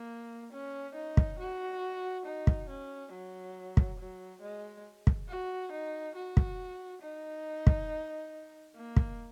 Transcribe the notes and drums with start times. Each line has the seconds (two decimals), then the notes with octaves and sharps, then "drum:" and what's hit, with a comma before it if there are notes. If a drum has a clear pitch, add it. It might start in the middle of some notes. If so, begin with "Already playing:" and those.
Already playing: A#3
0.53 C#4
0.95 D#4
1.17 drum: kick
1.39 F#4
2.26 D#4
2.47 drum: kick
2.69 C#4
3.12 F#3
3.77 drum: kick
3.99 F#3
4.42 G#3
5.07 drum: kick
5.29 F#4
5.72 D#4
6.15 F#4
6.37 drum: kick
7.02 D#4
7.67 drum: kick
8.75 A#3
8.96 drum: kick